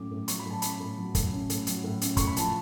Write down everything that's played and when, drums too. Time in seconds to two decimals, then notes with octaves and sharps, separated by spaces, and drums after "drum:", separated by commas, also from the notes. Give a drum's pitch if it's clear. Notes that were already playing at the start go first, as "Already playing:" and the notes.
Already playing: A2 F#3 C#4 D6
0.11 A2
0.28 F#3 C#6, drum: hi-hat
0.39 B5
0.45 A2 A5
0.62 C#4 B5, drum: hi-hat
0.80 A2
0.97 F#3
1.15 A2, drum: kick, hi-hat
1.33 C#4
1.50 A2, drum: hi-hat
1.67 F#3, drum: hi-hat
1.84 A2
2.01 C#4, drum: hi-hat
2.17 A2 C#6, drum: kick, hi-hat
2.27 B5
2.36 F3 A5, drum: hi-hat